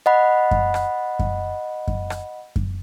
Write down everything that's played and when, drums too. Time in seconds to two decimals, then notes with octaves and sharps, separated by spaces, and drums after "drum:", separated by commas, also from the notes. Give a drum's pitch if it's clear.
0.06 D#5 F#5 B5
0.51 drum: kick F#2
0.74 drum: rim click
1.19 drum: kick F#2
1.88 drum: kick F#2
2.10 drum: rim click
2.56 drum: kick F#2